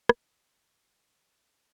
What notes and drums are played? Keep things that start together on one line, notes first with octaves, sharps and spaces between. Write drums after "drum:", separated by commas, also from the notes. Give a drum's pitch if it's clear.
C#4, drum: rim click
G#3
F#4
E3
C#4
G#3
F#4
E3
C#4
A3